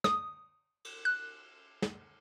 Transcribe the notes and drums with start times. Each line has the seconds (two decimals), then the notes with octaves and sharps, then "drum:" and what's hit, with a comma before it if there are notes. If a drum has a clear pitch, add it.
0.04 D#6, drum: snare
0.85 drum: cymbal
1.05 F#6
1.82 drum: snare